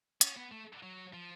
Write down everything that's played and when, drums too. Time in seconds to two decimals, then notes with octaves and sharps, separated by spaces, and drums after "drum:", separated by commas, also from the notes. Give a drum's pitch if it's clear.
0.21 C#4, drum: hi-hat
0.37 B3
0.52 A3
0.83 F#3
1.14 F3